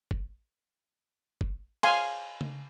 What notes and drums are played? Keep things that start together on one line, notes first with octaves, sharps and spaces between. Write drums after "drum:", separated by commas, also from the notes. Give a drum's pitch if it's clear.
drum: kick
drum: kick
F5 G#5 C6, drum: cymbal
drum: tom C#3